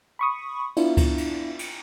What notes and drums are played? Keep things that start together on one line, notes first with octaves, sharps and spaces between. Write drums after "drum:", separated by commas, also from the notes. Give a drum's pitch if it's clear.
B5 C#6 D#6
B3 D4 E4 F4, drum: cymbal
drum: kick C#2, cymbal
drum: cymbal
drum: cymbal